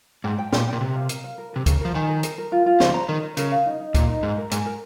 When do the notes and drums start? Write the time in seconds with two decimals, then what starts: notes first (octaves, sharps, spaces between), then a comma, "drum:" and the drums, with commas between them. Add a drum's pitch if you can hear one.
0.24 G#2 G5
0.38 G5
0.53 A#2 G5, drum: snare
0.67 G5
0.73 A#2
0.81 C3 A#4
0.95 F5
1.09 A#4, drum: hi-hat
1.24 F5
1.38 A#4
1.53 C3 A#4
1.66 C#3 A#4, drum: kick, hi-hat
1.81 F3 A#4
1.94 D#3 G#5
2.09 A#4
2.23 A#4, drum: hi-hat
2.38 A#4
2.52 F4
2.66 F4
2.80 C#3 F3 C5, drum: snare
2.94 A#5
3.08 D#3 A#4
3.23 A#4
3.37 C#3 A#4, drum: hi-hat
3.52 F5
3.66 D#4
3.80 D#4
3.95 A#2 A#4, drum: kick, hi-hat
4.09 D#4
4.23 G#2 F5
4.38 A#4
4.51 G#2 G#5, drum: hi-hat
4.65 A#4